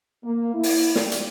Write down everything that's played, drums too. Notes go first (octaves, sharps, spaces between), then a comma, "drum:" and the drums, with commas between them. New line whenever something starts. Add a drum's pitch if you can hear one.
A#3
E4
drum: open hi-hat
G3, drum: snare
drum: hi-hat